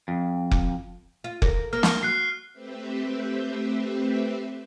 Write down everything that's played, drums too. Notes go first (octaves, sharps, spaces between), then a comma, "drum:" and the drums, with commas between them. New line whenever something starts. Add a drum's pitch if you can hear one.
F2
drum: kick F1
F4
A#4, drum: kick F1
A#3 F6
drum: snare
F#4 F#6 C7
A3 C4 G4 B4 C5 E5